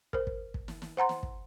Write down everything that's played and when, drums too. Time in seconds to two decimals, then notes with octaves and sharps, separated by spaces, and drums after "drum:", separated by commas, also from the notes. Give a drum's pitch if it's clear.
0.13 A#4 C5, drum: kick
0.27 drum: kick
0.54 drum: kick
0.68 drum: snare
0.82 drum: snare
0.97 C5 F#5 A#5 C6
1.09 drum: snare
1.23 drum: kick